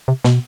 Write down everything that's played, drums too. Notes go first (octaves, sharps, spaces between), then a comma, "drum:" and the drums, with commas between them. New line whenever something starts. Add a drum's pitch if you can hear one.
C3
B2, drum: snare